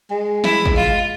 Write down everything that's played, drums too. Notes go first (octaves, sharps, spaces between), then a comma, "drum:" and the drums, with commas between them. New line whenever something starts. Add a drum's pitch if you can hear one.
G#3
E4, drum: snare
drum: kick
F4